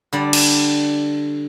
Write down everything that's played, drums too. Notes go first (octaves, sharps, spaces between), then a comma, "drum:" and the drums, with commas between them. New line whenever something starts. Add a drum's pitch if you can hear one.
D3 G3 D5
drum: cymbal